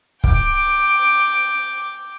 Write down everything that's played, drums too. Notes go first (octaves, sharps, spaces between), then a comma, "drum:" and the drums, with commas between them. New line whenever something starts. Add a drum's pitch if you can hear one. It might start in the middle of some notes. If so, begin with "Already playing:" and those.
G5 D6, drum: kick